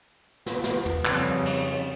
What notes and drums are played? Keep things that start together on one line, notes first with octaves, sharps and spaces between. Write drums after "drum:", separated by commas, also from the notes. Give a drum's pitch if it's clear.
B3, drum: snare
drum: snare
drum: tom
F2 C#3 G3, drum: clap
drum: cymbal